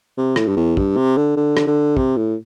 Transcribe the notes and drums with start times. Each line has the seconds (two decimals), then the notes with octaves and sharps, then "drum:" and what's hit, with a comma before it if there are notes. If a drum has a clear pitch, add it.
0.17 C3
0.36 A2, drum: rim click
0.48 G2
0.56 E2
0.77 G2, drum: kick
0.96 C3
1.17 D3
1.36 D3
1.57 drum: rim click
1.67 D3
1.97 C3, drum: kick
2.17 A2